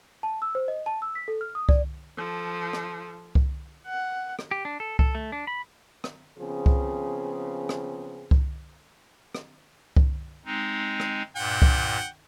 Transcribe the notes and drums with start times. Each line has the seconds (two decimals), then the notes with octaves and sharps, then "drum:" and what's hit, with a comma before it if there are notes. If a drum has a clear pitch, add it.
0.23 A5
0.42 E6
0.55 C5
0.68 D#5
0.86 A5
1.02 E6
1.15 B6
1.28 A4
1.41 F6
1.55 D#6
1.69 D5, drum: kick C2
2.17 F3 A4
2.73 drum: rim click
3.35 drum: kick C2
3.86 F#5
4.39 drum: rim click
4.51 G4
4.65 D4
4.80 A4
4.99 A4, drum: kick C2
5.15 A3
5.32 D4
5.47 B5
6.04 drum: rim click
6.38 C#3 F3 B3 C4 G#4
6.66 drum: kick C2
7.69 drum: rim click
8.31 drum: kick C2
9.35 drum: rim click
9.97 drum: kick C2
10.45 G#3 C4 D#4
11.00 drum: rim click
11.36 G2 A#2 F#5 G5
11.62 drum: kick C2